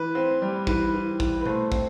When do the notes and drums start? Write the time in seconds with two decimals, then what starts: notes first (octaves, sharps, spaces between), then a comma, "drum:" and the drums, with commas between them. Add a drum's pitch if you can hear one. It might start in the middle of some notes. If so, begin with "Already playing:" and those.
Already playing: E3 B4
0.15 C4
0.42 G3
0.67 E3 B4, drum: kick
0.94 E3
1.20 E3, drum: kick
1.41 B4
1.46 A3 C5, drum: tom B2
1.72 C4, drum: kick